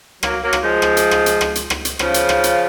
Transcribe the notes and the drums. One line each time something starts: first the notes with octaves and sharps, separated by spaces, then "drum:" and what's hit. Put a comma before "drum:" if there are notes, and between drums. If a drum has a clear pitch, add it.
F#3 A#3, drum: rim click
F#3 A#3
drum: rim click
F3 G#3
drum: rim click
drum: hi-hat
drum: rim click
drum: hi-hat
drum: rim click
drum: hi-hat
drum: rim click
drum: hi-hat
C#3 F3, drum: rim click
drum: hi-hat
drum: rim click
drum: hi-hat